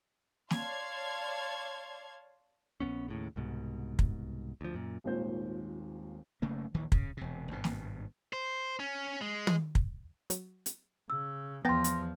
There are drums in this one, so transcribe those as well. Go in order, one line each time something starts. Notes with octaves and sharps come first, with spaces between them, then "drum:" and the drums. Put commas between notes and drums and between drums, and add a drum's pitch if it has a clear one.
C#5 D5 F5 A5 C6 G#6, drum: snare
A#1 A#2 B3 C#4
D#2 A2 C#3
C2 G#2 B2
drum: kick
D2 F3
F#2 A#2
D#1 G#1 D#2 A#2 C5 G6
F#1 C#3 A3 A#3
A#1 D#2 D#3 E3
C#3, drum: kick
E1 C3
G#1 G2 B2
drum: snare
C5
C#4
G#3
drum: tom
drum: kick
F#3, drum: hi-hat
drum: hi-hat
C#3 E6
E2 F3 B3 G5 A5 C6 A#6
drum: hi-hat